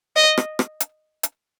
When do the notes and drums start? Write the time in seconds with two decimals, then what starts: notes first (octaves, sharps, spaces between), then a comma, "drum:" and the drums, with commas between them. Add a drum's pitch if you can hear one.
0.16 D#5
0.38 drum: rim click
0.59 drum: rim click
0.80 drum: hi-hat
1.23 drum: hi-hat